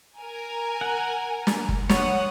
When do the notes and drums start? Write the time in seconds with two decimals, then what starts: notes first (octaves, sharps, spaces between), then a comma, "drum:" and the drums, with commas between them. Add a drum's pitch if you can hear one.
0.18 A#4 G#5
0.81 F#5
1.47 drum: snare
1.69 drum: kick
1.89 C#5 F#5 D#6, drum: snare